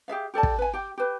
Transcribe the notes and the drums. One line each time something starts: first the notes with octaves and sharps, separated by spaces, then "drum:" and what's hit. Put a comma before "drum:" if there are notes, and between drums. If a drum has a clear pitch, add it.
G4 G#4 E5 F5
G4 A4 D5 A5
drum: kick
B4 G#5
G4 G5
G4 B4